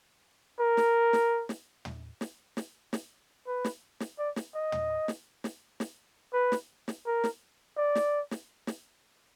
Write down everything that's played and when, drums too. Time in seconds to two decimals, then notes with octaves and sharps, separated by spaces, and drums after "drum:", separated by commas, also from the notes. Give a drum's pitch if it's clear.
0.60 A#4
0.77 drum: snare
1.13 drum: snare
1.49 drum: snare
1.85 drum: tom
2.21 drum: snare
2.57 drum: snare
2.93 drum: snare
3.47 B4
3.65 drum: snare
4.00 drum: snare
4.18 D5
4.36 drum: snare
4.55 D#5
4.72 drum: tom
5.08 drum: snare
5.44 drum: snare
5.80 drum: snare
6.33 B4
6.52 drum: snare
6.88 drum: snare
7.06 A#4
7.24 drum: snare
7.77 D5
7.95 drum: snare
8.31 drum: snare
8.67 drum: snare